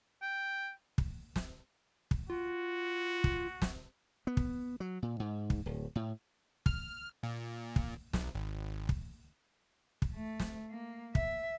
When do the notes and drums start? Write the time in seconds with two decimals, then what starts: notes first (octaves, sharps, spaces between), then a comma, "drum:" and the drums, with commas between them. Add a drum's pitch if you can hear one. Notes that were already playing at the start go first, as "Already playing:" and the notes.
0.22 G5
0.98 drum: kick
1.36 drum: snare
2.11 drum: kick
2.30 F4 F#4
3.24 drum: kick
3.62 drum: snare
4.27 B3
4.37 drum: kick
4.80 F#3
5.02 A#2
5.20 G#2
5.50 drum: kick
5.66 D1
5.95 A2
6.66 F6, drum: kick
7.23 A#2
7.76 drum: kick
8.13 B1, drum: snare
8.35 G#1
8.89 drum: kick
10.02 drum: kick
10.15 A3
10.40 drum: snare
10.71 A#3
11.15 E5, drum: kick